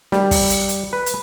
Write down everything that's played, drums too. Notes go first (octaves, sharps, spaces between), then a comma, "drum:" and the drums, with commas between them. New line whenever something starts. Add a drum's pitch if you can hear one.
G3, drum: snare
drum: kick, open hi-hat
drum: hi-hat
drum: hi-hat
B4
drum: hi-hat